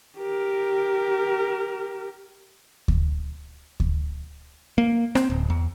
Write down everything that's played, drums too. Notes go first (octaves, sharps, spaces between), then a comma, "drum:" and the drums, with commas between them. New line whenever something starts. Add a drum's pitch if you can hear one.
G4 A#4
drum: kick D2
drum: kick D2
A#3
C4, drum: rim click
D1
E2